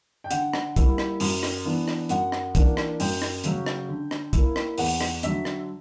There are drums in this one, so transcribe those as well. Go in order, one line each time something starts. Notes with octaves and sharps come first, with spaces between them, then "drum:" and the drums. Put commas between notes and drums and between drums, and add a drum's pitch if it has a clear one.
G5
D3 F#5, drum: hi-hat
drum: rim click
G3 A#3 E4, drum: kick, hi-hat
drum: rim click
F#2, drum: open hi-hat
drum: rim click
E3 B3 D4
drum: rim click
F#2 F#5, drum: hi-hat
drum: rim click
E3 A#3 D4, drum: kick, hi-hat
drum: rim click
F#2 G5, drum: open hi-hat
drum: rim click
C#3 F#3 C#4, drum: hi-hat
drum: rim click
D3
drum: rim click
A#3 E4, drum: kick, hi-hat
drum: rim click
E2 F#5, drum: open hi-hat
drum: rim click
D3 F#3 E5, drum: hi-hat
drum: rim click